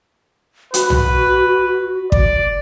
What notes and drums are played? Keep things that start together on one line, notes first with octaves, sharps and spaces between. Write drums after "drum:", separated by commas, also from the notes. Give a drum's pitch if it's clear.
F#4 B4, drum: hi-hat
drum: tom
D5, drum: kick